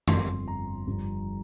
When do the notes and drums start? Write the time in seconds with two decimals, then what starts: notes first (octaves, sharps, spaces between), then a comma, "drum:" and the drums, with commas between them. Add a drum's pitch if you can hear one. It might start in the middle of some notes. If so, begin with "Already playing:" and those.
0.08 G1 F2 F3 C4 C6, drum: tom F#2
0.48 A#5
0.87 G1 G2 F3